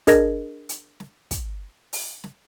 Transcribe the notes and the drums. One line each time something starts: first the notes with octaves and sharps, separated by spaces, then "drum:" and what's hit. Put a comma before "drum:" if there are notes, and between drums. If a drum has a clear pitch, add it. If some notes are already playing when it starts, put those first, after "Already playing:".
D4 G#4 A#4 D#5 G#6 A#6, drum: kick, hi-hat
drum: hi-hat
drum: snare
drum: kick, hi-hat
drum: open hi-hat
drum: snare